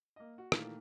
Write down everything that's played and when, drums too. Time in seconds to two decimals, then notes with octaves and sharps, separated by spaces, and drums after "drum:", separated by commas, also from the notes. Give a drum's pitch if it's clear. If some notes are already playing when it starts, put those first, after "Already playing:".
0.16 A#3 D#5
0.38 F#4
0.52 A#2 D#3 E3 A3 A#3, drum: rim click